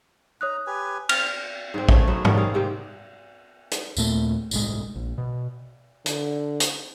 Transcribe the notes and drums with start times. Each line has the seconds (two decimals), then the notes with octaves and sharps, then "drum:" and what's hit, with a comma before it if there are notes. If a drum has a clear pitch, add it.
0.41 D#4 C#5 A#5 D#6 F#6
0.67 G4 B4 G#5
1.09 C4 F6, drum: cymbal
1.74 G#2 C4
1.89 C#3 A3 C#5, drum: kick A1
2.07 F#3 B3 E5 F#5
2.25 D#3 G3 A#3 C#4, drum: tom
2.37 C3 G#4 F5
2.54 G#2 C3 C4 G4
3.71 drum: hi-hat
3.97 D#2 A#2 A3, drum: tambourine
4.51 G1 C2 A2 G#3, drum: tambourine
4.96 A#1
5.18 B2
6.06 D3, drum: hi-hat
6.60 drum: hi-hat